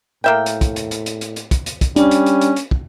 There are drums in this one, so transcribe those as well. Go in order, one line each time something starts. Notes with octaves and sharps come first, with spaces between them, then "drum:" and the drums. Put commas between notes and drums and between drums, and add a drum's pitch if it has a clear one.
A2 A#3 E5 G5
drum: hi-hat
drum: kick, hi-hat
drum: hi-hat
drum: hi-hat
drum: hi-hat
drum: hi-hat
drum: hi-hat
drum: kick, hi-hat
drum: hi-hat
drum: kick, hi-hat
G3 C#4 D4, drum: hi-hat
drum: hi-hat
drum: hi-hat
drum: hi-hat
drum: hi-hat
drum: kick